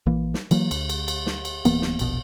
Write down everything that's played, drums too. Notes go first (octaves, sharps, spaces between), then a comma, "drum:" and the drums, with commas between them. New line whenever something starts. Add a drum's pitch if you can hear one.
A#1 E3 A#3
drum: snare
E3 F#3 A#3, drum: cymbal
D2, drum: cymbal
drum: cymbal
drum: cymbal
drum: snare
drum: cymbal
D1 E3 A#3 B3, drum: cymbal
drum: snare
E1 A#1 B2, drum: cymbal